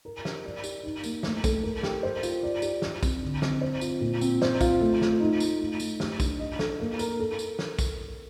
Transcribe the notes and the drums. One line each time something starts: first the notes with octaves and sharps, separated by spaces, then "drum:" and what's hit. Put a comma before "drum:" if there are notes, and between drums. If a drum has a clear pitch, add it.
A#4
G4, drum: snare
D5
G4, drum: tambourine
D#4
A#3, drum: tambourine
A3, drum: snare
A4, drum: kick, tambourine
A#4
G4, drum: snare
C5
F4, drum: tambourine
D5
G4, drum: tambourine
G4, drum: snare
C4, drum: kick, tambourine
D3
C4, drum: snare
C5
F4, drum: tambourine
A#2
C4, drum: tambourine
C5, drum: snare
F4, drum: kick, tambourine
A3
F4, drum: snare
D#4
A3, drum: tambourine
D#4
A3, drum: tambourine
G4, drum: snare
D4, drum: kick, tambourine
D#5
A4, drum: snare
A#3
A#4, drum: tambourine
A4
drum: tambourine
drum: snare
drum: kick, tambourine